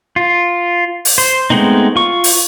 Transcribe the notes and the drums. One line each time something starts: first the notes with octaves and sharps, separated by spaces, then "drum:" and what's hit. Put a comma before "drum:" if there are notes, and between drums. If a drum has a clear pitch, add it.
F4
drum: open hi-hat
C5
G#3 A3 B3 C4 D#4
F4 C#6
drum: open hi-hat